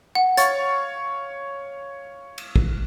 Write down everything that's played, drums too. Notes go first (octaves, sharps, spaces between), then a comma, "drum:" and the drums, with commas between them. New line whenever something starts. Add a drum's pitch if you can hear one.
F#5
C#5 F5 C#6 A6, drum: hi-hat
drum: cymbal
drum: kick